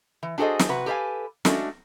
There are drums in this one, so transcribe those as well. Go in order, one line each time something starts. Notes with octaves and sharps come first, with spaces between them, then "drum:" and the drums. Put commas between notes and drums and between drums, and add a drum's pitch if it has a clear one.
E3
D4 F#4 G#4 A4 C5 D#5
drum: snare
C3 F#4 B4
G4 A4 B4 D5 F5 G#5
G#3 A3 C#4 D4 F#4, drum: snare